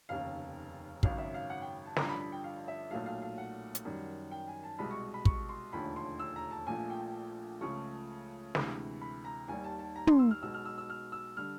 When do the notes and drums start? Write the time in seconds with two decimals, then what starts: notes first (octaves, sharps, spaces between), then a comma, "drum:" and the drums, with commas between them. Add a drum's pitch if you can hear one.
0.09 F1 D#2 C#3 F5
1.03 G#1 F#2 C#3 F#3 F5, drum: kick
1.18 E5
1.34 F5
1.50 F#5
1.62 G5
1.86 A5
1.96 A1 G2 D3 F3 A#5, drum: snare
2.09 B5
2.20 B5
2.32 G5
2.44 F5
2.68 E5
2.91 B1 A#2 F#3 A3 F5
3.06 F5
3.22 F5
3.38 F#5
3.75 drum: hi-hat
3.85 F#2 D#3 G3
4.31 G5
4.48 G#5
4.63 A5
4.79 C2 B2 G#3 B5
4.91 C#6
5.14 B5
5.25 C#6, drum: kick
5.49 C6
5.72 E1 D#2 D3 F3 A3 B5
5.96 C6
6.19 E6
6.36 A#5
6.51 A5
6.67 A#1 A#2 F3 A3 G#5
6.90 G5
7.61 C#2 C#3 F3 A3 C#6
8.55 D2 C3 E3 G#3, drum: snare
9.01 B5
9.25 A#5
9.48 D#2 D#3 G3 G#5
9.64 A5
9.79 A5
9.96 A#5
10.07 C6, drum: tom
10.19 E6
10.31 F6
10.42 B1 B2 G#3 E6
10.54 F6
10.65 E6
10.78 E6
10.90 F6
11.12 E6
11.37 D3 G3 F6